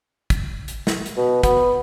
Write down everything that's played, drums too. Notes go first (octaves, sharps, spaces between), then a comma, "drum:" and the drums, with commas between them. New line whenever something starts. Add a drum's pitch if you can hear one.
drum: kick, hi-hat
drum: hi-hat
drum: snare
drum: hi-hat
B2
B3, drum: kick, hi-hat